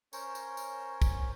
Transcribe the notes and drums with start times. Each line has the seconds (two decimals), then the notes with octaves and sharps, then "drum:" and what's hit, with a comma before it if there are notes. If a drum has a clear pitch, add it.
0.13 C#4 A#4 C5 C#5, drum: tambourine
0.35 drum: tambourine
0.57 drum: tambourine
1.02 drum: kick, tambourine